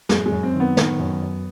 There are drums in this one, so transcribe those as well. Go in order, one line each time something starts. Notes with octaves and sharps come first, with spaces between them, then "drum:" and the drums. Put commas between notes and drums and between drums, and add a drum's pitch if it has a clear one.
F#2 G#3, drum: snare
G#3
F#2
C4
D#3
B3
D#3, drum: snare
F#2
F#2